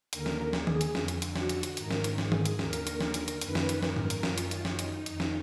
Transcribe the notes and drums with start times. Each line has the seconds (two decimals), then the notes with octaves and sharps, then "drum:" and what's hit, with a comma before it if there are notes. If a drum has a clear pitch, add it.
0.13 D#2 D3 A#4, drum: hi-hat
0.26 drum: snare
0.53 G#4, drum: snare
0.67 drum: tom D#3
0.81 drum: hi-hat
0.95 F2 D3, drum: snare
1.08 drum: hi-hat
1.22 drum: hi-hat
1.35 F#4, drum: snare
1.49 drum: hi-hat
1.63 drum: hi-hat
1.77 G#2 D#3 A#4, drum: hi-hat
1.91 drum: snare
2.04 drum: hi-hat
2.18 G#4, drum: snare
2.32 drum: tom D#3
2.45 drum: hi-hat
2.59 D#2 D3 A#4, drum: snare
2.73 drum: hi-hat
2.87 drum: hi-hat
3.00 A#4, drum: snare
3.14 drum: hi-hat
3.28 drum: hi-hat
3.41 F#2 D#3 B4, drum: hi-hat
3.55 drum: snare
3.69 drum: hi-hat
3.82 A#4, drum: snare
3.96 drum: tom G#2
4.10 drum: hi-hat
4.23 F#2 D#3 F4, drum: snare
4.38 drum: hi-hat
4.51 drum: hi-hat
4.65 D#4, drum: snare
4.79 drum: hi-hat
5.06 F2 D#3, drum: hi-hat
5.20 drum: snare